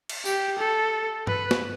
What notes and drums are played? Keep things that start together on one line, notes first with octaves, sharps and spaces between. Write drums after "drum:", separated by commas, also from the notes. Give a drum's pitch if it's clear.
drum: cymbal
G4, drum: tambourine
A4
B4, drum: tom G2
drum: snare